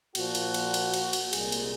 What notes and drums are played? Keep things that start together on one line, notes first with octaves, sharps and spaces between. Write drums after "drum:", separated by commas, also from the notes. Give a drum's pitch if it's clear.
A#2 F3 A#3 F#4, drum: cymbal
drum: cymbal
drum: cymbal
drum: cymbal
drum: cymbal
drum: cymbal
C2 A#2 G#3 G#4, drum: cymbal
drum: cymbal